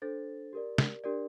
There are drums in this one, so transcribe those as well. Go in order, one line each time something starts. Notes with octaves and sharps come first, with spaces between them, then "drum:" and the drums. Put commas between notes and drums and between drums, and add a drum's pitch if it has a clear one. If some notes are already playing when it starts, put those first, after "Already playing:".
D4 A4 C5 A6
G4 A#4 D5
drum: snare
D4 G4 A#4 D5